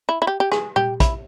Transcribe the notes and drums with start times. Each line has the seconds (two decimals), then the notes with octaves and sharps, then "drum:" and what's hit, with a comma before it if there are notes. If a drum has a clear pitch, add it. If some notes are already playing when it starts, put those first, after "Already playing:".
0.09 E4
0.22 E4
0.27 G4
0.40 G4
0.52 G#4, drum: rim click
0.76 G4, drum: tom A#2
1.00 E4, drum: kick, hi-hat